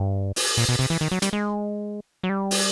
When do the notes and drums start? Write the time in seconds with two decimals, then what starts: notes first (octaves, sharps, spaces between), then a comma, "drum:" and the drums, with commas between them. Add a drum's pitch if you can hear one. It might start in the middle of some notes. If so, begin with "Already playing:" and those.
Already playing: G2
0.36 drum: open hi-hat
0.57 A#2
0.68 B2
0.79 C3
0.90 E3
1.01 D#3
1.11 F#3
1.22 G3, drum: hi-hat
1.33 G#3
2.23 F#3
2.29 G3
2.51 drum: open hi-hat